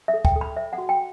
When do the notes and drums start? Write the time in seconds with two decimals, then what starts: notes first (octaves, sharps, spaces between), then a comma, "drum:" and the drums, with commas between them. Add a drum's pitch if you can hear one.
0.08 E5
0.14 A4
0.25 G5, drum: kick
0.36 A4
0.41 B5
0.56 C5 E5
0.73 F#5
0.78 F#4
0.89 G5